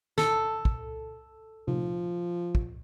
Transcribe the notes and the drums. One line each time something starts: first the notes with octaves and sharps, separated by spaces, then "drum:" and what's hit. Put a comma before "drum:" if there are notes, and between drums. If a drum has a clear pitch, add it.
A4, drum: snare
drum: kick
F3, drum: tom C3
drum: kick